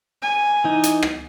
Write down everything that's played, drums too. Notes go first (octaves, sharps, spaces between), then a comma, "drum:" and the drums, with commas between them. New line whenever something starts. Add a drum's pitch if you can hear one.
G#5
E3 D#4
drum: hi-hat
drum: rim click